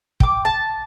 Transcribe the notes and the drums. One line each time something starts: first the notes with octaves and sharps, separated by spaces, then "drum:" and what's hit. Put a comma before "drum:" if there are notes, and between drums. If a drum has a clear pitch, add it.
G5 D6, drum: kick
A5